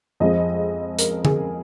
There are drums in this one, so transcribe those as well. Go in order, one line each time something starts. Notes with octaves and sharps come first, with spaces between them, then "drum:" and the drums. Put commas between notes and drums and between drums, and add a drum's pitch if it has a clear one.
F2 F3 G#3 C4 D#5
A#4, drum: hi-hat
G#4, drum: tom D3